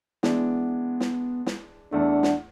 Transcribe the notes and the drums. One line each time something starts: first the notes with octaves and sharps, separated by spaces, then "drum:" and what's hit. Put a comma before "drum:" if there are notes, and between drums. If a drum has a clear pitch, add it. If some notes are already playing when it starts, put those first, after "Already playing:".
E3 G#3 B3 D4, drum: snare
drum: snare
drum: snare
E2 A3 D4 F#5
drum: snare